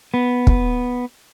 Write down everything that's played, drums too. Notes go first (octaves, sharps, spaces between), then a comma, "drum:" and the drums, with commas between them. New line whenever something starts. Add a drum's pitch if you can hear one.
B3
drum: kick